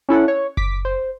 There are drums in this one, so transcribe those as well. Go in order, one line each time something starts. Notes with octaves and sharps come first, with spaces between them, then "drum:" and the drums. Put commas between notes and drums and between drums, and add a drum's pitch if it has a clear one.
C#4 E4 A4 F#5
C#5
D6 B6, drum: kick F#1
C5